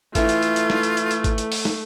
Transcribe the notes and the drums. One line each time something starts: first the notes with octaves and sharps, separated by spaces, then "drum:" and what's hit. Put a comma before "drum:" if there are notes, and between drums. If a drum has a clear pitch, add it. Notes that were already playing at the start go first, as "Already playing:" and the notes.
E3 A3 E4 F4 A4, drum: kick G#1, hi-hat
drum: hi-hat
drum: hi-hat
drum: hi-hat
drum: snare
drum: hi-hat
drum: hi-hat
drum: hi-hat
drum: kick G#1, hi-hat
drum: hi-hat
drum: open hi-hat
drum: snare